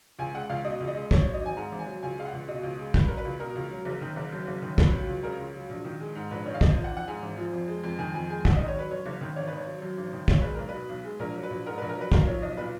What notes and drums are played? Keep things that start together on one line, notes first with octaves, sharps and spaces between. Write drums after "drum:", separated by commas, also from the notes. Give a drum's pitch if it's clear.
C#2 G#5
G#3 F#5
C#2 F5
B2 D#5
C#2
D#5
G#3
G#1 C#5, drum: kick
F#3 C#5
D#5
G#1 G#5
G#2 A#5
G#1
G#5
F#3
C#2 G#5
G#3 F5
F#5
C#2
B2 D#5
C#2
G#3
C#2 B4, drum: kick
F#3 A#4
B4
C#2
B2 A#4
C#2
F#3
F#1
D#3
F#1
F#2
F#1
D#3
C#2 B4, drum: kick
F#3
C#2
C#3 A#4
C#2
F#3
A#1
D#3
G#3
G#2
A#1 B4
D#3 C#5
F5
G#1 D#5, drum: kick
F3
F#5
G#1
F#5
G#2 G#5
G#1
F3
F2
G#3
F2
D#3 G#5
F2 G#5
G#3 G#5
F#1 F#5, drum: kick
D#5
D#3
C#5
F#3 B4
F#2 C#5
F#1
D#3
G#1 C#5
D#3 B4
C#5
F#3
F#2
G#1
D#3
B1 C#5, drum: kick
G#3 B4
B1 A#4
B4
B2
B1
G#3
A#1 A#4
F#3
B4
A#1
G#2 A#4
B4
A#1
A#4
F#3 B4
B1 A#4, drum: kick
F3 C#5
B1 D#5
A#2 B4